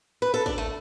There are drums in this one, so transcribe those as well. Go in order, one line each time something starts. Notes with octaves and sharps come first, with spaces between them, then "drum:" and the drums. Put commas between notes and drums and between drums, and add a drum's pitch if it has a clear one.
B4
A4
D4, drum: kick
A3